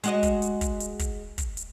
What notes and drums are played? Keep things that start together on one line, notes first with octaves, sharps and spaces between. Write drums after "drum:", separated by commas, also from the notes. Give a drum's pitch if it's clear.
G#3 F#4 D#5, drum: hi-hat
drum: kick, hi-hat
drum: hi-hat
drum: kick, hi-hat
drum: hi-hat
drum: kick, hi-hat
drum: kick, hi-hat
drum: hi-hat